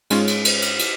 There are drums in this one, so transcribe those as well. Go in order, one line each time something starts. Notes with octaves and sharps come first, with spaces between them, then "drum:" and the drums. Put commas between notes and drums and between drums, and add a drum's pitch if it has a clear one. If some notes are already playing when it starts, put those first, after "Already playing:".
G#2 G#3 C#4 F4, drum: cymbal
drum: cymbal
drum: cymbal
drum: cymbal
drum: cymbal